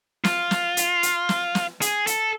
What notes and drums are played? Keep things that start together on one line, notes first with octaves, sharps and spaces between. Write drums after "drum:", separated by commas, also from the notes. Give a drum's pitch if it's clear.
F4, drum: snare
drum: snare
drum: hi-hat
drum: hi-hat
drum: snare
drum: snare
G#4, drum: hi-hat
A4, drum: hi-hat